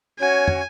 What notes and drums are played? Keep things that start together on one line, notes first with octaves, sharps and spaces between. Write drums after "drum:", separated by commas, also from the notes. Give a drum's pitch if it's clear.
C#4 F#4 C#5 G#5
drum: tom